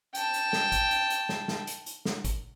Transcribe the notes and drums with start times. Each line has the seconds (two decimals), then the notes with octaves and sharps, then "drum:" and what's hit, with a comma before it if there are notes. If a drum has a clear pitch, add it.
0.15 G5 A5, drum: hi-hat
0.34 drum: hi-hat
0.53 drum: snare
0.72 drum: kick, hi-hat
0.91 drum: hi-hat
1.10 drum: hi-hat
1.29 drum: snare
1.48 drum: snare
1.67 drum: hi-hat
1.86 drum: hi-hat
2.05 drum: snare
2.25 drum: kick, hi-hat